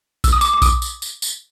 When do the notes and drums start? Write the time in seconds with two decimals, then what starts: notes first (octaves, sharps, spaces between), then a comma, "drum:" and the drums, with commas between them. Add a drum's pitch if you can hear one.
0.24 E6, drum: kick A#1, tambourine
0.32 D#6
0.41 D6, drum: tambourine
0.53 D6
0.62 D#6, drum: kick A#1, tambourine
0.82 drum: tambourine
1.02 drum: tambourine
1.22 drum: tambourine